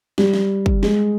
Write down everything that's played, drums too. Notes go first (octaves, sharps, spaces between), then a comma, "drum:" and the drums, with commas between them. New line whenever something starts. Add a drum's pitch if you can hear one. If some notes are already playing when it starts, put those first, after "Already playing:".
G3, drum: snare
drum: snare
drum: kick
G#3, drum: snare